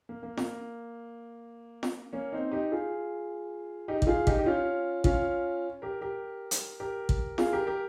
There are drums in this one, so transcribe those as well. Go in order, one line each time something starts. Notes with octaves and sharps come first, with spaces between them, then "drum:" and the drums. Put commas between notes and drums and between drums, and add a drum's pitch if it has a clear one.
A#3
A#3
A#3, drum: snare
drum: snare
A#3 C#4
C4 D#4
D#4 G4
F4 G#4
D#4 G4
G4, drum: kick
F4 G#4
D#4 G4, drum: kick
G4
C#4 F4
C#4 F4, drum: kick
G4 A#4
G4 A#4
drum: hi-hat
G4 A#4
drum: kick
F4 G#4, drum: snare
G4 A#4
G4 A#4